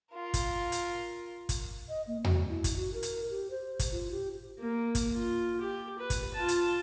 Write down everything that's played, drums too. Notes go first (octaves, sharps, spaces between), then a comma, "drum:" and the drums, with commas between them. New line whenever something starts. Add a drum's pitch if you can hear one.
F4 A#4
drum: kick, hi-hat
drum: hi-hat
drum: kick, hi-hat
D#5
A#3
F#4, drum: tom E2
E4
drum: kick, hi-hat
F#4
A#4
drum: hi-hat
G4
C5
drum: kick, hi-hat
F4
G4
A#3
drum: kick, hi-hat
F4
G4
B4
drum: kick, hi-hat
F4 A5
drum: hi-hat